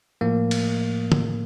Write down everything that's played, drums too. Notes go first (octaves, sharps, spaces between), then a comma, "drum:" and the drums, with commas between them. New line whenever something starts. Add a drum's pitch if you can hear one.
A2 F3 A#3
drum: cymbal
drum: tom